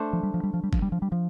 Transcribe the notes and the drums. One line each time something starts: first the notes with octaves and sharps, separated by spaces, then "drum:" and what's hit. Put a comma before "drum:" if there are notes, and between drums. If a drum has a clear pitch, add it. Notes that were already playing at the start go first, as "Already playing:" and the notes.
Already playing: A3 D4 C5
F3
G3
F3
G3
F3
G3
F3, drum: kick G1
G3
F3
G3
F3